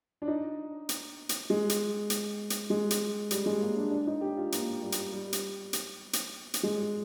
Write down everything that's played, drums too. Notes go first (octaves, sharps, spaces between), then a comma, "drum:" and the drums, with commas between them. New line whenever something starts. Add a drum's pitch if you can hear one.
D4
D#4
drum: hi-hat
drum: hi-hat
G#3
drum: hi-hat
drum: hi-hat
drum: hi-hat
G#3
drum: hi-hat
G3, drum: hi-hat
G#3
A#3
D4
D4
D#4
G4
F4
A#3, drum: hi-hat
G3
drum: hi-hat
G3
drum: hi-hat
drum: hi-hat
drum: hi-hat
drum: hi-hat
G#3